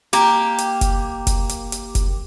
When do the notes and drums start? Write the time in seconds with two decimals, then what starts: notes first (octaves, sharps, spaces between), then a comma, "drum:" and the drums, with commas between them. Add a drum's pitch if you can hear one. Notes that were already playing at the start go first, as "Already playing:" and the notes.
0.13 A#3 G4, drum: hi-hat
0.58 drum: hi-hat
0.81 drum: kick F1, hi-hat
1.27 drum: kick F1, hi-hat
1.49 drum: hi-hat
1.72 drum: hi-hat
1.95 drum: kick F1, hi-hat